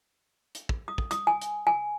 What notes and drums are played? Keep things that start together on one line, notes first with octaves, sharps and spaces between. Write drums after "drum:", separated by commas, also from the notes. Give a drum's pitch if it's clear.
drum: hi-hat
drum: kick
D#6
drum: kick
D#6, drum: hi-hat
G#5
drum: hi-hat
G#5